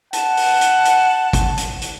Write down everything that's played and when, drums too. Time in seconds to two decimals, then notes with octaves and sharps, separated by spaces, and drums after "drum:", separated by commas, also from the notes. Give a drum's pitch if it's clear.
0.13 F#5 A5, drum: hi-hat
0.37 drum: open hi-hat
0.61 drum: hi-hat
0.85 drum: hi-hat
1.33 drum: kick, hi-hat
1.57 drum: hi-hat
1.82 drum: hi-hat